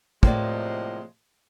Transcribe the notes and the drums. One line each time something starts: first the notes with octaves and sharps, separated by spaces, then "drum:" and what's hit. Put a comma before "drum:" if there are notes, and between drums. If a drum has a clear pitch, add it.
A2 C3 F3 G#3 A#3 D5, drum: kick